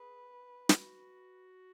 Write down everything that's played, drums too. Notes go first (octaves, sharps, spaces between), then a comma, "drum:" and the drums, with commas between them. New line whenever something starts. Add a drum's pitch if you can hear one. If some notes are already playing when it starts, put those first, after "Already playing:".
Already playing: G#4 B4
E4, drum: snare
F#4